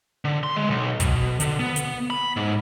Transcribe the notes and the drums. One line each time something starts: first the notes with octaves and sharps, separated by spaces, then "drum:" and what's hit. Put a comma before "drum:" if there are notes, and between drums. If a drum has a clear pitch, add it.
D3
C6
G#3
B1
B2, drum: kick, hi-hat
D3, drum: hi-hat
B3
drum: hi-hat
B5
G#2